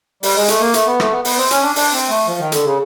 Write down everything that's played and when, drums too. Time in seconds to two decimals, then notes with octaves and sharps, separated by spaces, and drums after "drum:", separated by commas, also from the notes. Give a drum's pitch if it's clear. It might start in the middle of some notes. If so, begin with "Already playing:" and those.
0.23 G3, drum: open hi-hat
0.36 G#3
0.48 A3, drum: hi-hat
0.60 A#3
0.74 A3, drum: hi-hat
0.86 B3
1.00 A3, drum: rim click
1.12 B3
1.25 B3, drum: open hi-hat
1.37 C4
1.51 C#4, drum: hi-hat
1.63 D4
1.76 D4, drum: open hi-hat
1.92 C4
2.09 A3
2.27 F3
2.40 D#3
2.52 D3, drum: hi-hat
2.65 C#3